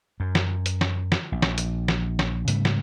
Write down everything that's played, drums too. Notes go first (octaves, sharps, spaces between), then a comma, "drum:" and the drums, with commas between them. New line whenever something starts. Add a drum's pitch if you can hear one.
F#2
drum: snare
drum: hi-hat
drum: snare
drum: snare
A#1
drum: snare
drum: hi-hat
drum: snare
drum: snare
G#2 C#3 G3 A3, drum: hi-hat
drum: snare